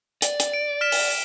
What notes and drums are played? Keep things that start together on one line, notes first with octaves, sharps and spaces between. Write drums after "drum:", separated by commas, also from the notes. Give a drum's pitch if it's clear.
D5, drum: hi-hat
drum: hi-hat
D7
F6 B6 E7
drum: open hi-hat